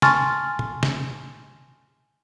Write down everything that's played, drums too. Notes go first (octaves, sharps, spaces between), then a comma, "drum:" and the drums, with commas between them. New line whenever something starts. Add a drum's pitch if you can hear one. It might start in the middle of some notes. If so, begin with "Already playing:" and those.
G#5 A5 C6 C#6 F6 A6, drum: snare
drum: tom A#2
drum: snare